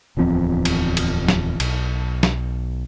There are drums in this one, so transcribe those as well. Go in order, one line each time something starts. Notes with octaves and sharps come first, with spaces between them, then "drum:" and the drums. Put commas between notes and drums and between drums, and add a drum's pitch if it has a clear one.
D1 E2 F3 C4
drum: cymbal
drum: cymbal
drum: snare
B1, drum: cymbal
drum: snare